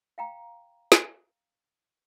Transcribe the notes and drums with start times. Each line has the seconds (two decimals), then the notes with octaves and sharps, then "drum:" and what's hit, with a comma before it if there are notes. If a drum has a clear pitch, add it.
0.18 F5 G5 A#5
0.92 drum: snare